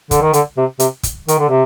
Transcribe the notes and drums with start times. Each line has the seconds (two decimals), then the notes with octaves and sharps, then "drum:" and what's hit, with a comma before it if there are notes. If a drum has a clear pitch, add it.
0.11 D3, drum: kick, hi-hat
0.21 D#3
0.33 D3, drum: hi-hat
0.57 C3
0.80 C3, drum: hi-hat
1.03 drum: kick, hi-hat
1.28 D#3, drum: hi-hat
1.39 D3
1.49 C3